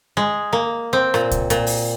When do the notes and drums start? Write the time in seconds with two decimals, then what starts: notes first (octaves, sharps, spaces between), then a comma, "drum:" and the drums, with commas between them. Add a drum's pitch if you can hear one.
0.17 G#3
0.53 A#3
0.93 C4
1.14 A#2, drum: rim click
1.31 drum: kick C2, hi-hat
1.50 A#2, drum: hi-hat
1.67 drum: open hi-hat